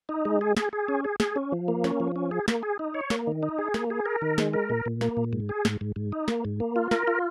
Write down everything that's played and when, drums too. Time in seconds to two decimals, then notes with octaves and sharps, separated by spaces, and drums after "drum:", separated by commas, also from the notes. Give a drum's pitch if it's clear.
0.09 D#4
0.25 G#3
0.41 G#4
0.57 G#4, drum: snare
0.73 G#4
0.88 C#4
1.04 G#4
1.20 G#4, drum: snare
1.36 C#4
1.52 F3
1.68 A#3
1.84 C#4, drum: snare
2.00 F3
2.16 C#4
2.31 G#4
2.48 A#3, drum: snare
2.63 G#4
2.79 D#4
2.94 C#5
3.10 A#3, drum: snare
3.27 D#3
3.43 D#4
3.59 G#4
3.74 A#3, drum: snare
3.90 G#4
4.06 A#4
4.22 D#3
4.38 G#3, drum: snare
4.53 A#4
4.70 A#2
4.86 A#2
5.01 A#3, drum: snare
5.17 A#2
5.33 G#2
5.49 G#4
5.65 G#2, drum: snare
5.81 G#2
5.96 G#2
6.12 D#4
6.28 A#3, drum: snare
6.45 G#2
6.60 A#3
6.76 F4
6.91 A#4, drum: snare
7.07 F4